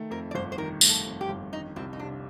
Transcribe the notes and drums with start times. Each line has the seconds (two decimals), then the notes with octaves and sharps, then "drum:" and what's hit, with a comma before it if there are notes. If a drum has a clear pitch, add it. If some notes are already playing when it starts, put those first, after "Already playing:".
Already playing: D#3 A3
0.11 F2 A#4
0.31 D5
0.35 G1 C5
0.52 C5
0.58 D#3 A#4
0.81 A3, drum: tambourine
0.89 A4
1.06 F2
1.21 G4
1.29 G1
1.52 D#3 D#4
1.76 C2 C4
1.93 D#4
1.99 C3 D4